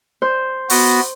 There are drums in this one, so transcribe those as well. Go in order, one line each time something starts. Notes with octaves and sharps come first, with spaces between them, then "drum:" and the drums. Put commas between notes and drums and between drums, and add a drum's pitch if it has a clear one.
C5
B3 F#4, drum: open hi-hat